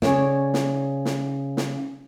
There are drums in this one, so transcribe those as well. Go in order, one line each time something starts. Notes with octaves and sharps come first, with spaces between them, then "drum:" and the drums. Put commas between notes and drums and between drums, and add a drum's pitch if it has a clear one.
C#3 C#5 D5, drum: snare
drum: snare
drum: snare
drum: snare